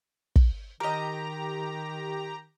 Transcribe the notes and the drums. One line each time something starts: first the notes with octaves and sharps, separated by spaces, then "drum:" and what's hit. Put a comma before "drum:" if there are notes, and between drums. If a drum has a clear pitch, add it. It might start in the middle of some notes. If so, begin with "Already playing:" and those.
drum: kick
D#3 G4 A#4 D#5 A#5